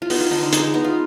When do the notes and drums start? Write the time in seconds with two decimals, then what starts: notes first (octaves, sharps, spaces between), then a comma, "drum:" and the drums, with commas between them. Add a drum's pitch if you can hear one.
0.02 F4
0.10 B3 D#4, drum: open hi-hat
0.20 F4
0.31 D3 D#4
0.42 D#4
0.53 G#3 D#4, drum: hi-hat
0.63 D#4
0.74 B3 D#4
0.84 F4